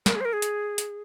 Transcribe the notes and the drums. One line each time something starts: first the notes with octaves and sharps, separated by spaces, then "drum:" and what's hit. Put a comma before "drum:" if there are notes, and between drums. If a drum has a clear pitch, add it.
A#4, drum: snare
G#4
C5
A#4
G#4
drum: hi-hat
drum: hi-hat